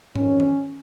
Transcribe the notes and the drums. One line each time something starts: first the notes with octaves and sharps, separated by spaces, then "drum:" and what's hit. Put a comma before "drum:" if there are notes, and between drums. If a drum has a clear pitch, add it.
F2 D#3 C#4, drum: tom G#2
drum: tom D#3